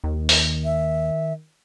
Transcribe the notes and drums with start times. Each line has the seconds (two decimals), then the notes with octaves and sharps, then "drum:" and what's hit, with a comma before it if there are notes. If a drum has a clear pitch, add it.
0.04 D#2 D#3
0.29 drum: open hi-hat
0.65 E5